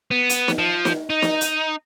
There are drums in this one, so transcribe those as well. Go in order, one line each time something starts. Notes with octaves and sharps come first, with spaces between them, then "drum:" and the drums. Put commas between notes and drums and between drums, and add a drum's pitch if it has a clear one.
B3
drum: hi-hat
drum: snare
F3
drum: snare
D#4
drum: snare
drum: hi-hat